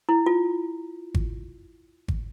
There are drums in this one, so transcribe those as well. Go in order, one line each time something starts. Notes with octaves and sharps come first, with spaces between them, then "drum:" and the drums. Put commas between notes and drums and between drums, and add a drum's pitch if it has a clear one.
E4
F4
drum: kick G#1
drum: kick G#1